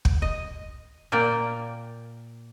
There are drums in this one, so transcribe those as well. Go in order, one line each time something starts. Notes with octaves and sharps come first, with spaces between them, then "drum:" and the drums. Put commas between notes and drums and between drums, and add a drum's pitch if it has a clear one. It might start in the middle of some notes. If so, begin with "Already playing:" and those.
drum: kick
D#5
A#2 A#3 D5 G5